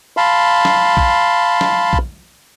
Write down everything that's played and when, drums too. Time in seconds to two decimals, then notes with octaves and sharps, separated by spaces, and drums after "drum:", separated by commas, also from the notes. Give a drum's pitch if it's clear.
0.17 F5 A5 B5 C6
0.65 drum: snare
0.97 drum: kick A#1
1.61 drum: snare
1.93 drum: kick A#1